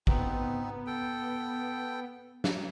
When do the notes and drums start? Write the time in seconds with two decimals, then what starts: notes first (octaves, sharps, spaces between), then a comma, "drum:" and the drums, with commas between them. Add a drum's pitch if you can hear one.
0.07 B3 C4 D#4, drum: kick
0.86 A4 G5
2.44 drum: snare